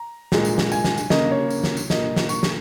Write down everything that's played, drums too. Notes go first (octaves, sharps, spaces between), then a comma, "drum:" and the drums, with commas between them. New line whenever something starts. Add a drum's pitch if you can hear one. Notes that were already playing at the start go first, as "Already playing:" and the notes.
Already playing: A#5
A#2 G#3, drum: snare
drum: tambourine
drum: snare
G#5, drum: tambourine
drum: snare
drum: tambourine
C#3 A#3 D#5, drum: snare
C#5
drum: tambourine
drum: snare
drum: tambourine
A#2 A#3 D#5, drum: snare
drum: snare
C#6, drum: tambourine
drum: snare